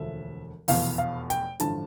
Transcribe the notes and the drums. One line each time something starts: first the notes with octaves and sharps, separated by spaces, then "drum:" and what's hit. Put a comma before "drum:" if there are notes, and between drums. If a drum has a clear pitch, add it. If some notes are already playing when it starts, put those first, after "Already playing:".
Already playing: E1 D2 D3 F3 E5
F1 E2 B2 F5, drum: open hi-hat
F5
G5, drum: hi-hat
A1 G2 D3 F3 A5, drum: hi-hat